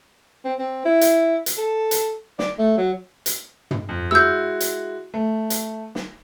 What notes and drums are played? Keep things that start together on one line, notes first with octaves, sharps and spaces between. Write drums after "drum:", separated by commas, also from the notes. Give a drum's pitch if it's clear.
C4
C4
E4
drum: hi-hat
drum: hi-hat
A4
drum: hi-hat
D5, drum: snare
A3
F#3
drum: hi-hat
drum: tom
F2
G#3 E4 F#4 E6 G6
drum: hi-hat
A3
drum: hi-hat
drum: snare